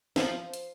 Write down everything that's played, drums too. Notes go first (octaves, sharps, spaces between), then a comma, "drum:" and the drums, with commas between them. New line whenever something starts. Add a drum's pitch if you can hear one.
F3, drum: snare
drum: hi-hat